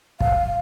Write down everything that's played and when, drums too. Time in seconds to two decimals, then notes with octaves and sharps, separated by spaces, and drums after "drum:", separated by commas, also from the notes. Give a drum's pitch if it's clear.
0.20 F5, drum: kick